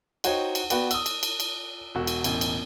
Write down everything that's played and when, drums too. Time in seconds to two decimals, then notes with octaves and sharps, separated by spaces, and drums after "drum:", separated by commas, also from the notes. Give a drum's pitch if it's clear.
0.24 D#4 F#4 C5 C#5 D#5 G5, drum: cymbal
0.55 drum: cymbal
0.70 B3 F#4 B4 D5 G5, drum: cymbal
0.91 D#6 E6, drum: cymbal
1.06 drum: cymbal
1.23 drum: cymbal
1.40 drum: cymbal
1.95 E1 F#4
2.07 drum: cymbal
2.24 E1 A1, drum: cymbal
2.41 drum: cymbal